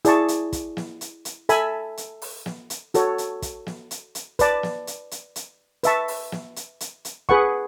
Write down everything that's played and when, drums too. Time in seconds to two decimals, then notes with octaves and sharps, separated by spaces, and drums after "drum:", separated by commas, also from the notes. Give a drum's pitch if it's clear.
0.05 E4 G#4 D5 A5 C#6, drum: hi-hat
0.28 drum: hi-hat
0.53 drum: kick, hi-hat
0.77 drum: snare
1.01 drum: hi-hat
1.25 drum: hi-hat
1.49 A4 E5 G#5 B5, drum: hi-hat
1.97 drum: hi-hat
2.22 drum: open hi-hat
2.46 drum: snare
2.70 drum: hi-hat
2.94 F#4 A4 C#5, drum: hi-hat
3.18 drum: hi-hat
3.42 drum: kick, hi-hat
3.67 drum: snare
3.91 drum: hi-hat
4.15 drum: hi-hat
4.39 B4 D5 A5, drum: kick, hi-hat
4.63 drum: snare
4.87 drum: hi-hat
5.11 drum: hi-hat
5.36 drum: hi-hat
5.83 B4 E5 A5 C#6, drum: hi-hat
6.08 drum: open hi-hat
6.32 drum: snare
6.56 drum: hi-hat
6.80 drum: hi-hat
7.05 drum: hi-hat
7.29 G#4 B4 F#5 C#6, drum: kick